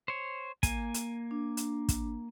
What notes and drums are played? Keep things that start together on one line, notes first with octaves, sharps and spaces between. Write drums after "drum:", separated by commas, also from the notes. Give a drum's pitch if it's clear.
C5 C#5
A#3 G#5, drum: kick, hi-hat
drum: hi-hat
D4
drum: hi-hat
drum: kick, hi-hat